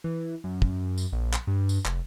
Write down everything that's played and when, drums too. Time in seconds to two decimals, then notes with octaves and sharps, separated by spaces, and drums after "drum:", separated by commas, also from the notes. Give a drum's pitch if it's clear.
0.04 E3
0.44 F#2
0.62 drum: kick
0.98 drum: tambourine
1.12 A#1
1.33 drum: clap
1.47 G2
1.69 drum: tambourine
1.85 F1, drum: clap